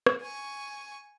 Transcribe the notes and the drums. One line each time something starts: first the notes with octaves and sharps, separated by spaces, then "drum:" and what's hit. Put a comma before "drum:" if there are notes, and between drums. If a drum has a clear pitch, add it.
drum: rim click
G#5 C#6